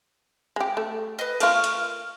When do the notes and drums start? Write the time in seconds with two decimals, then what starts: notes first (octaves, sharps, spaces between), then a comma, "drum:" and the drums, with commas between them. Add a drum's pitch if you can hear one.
0.56 G#3 G4
0.77 A3
1.19 B4 D#5
1.40 A3 F4 A#4 C#6 F6, drum: cymbal
1.64 drum: hi-hat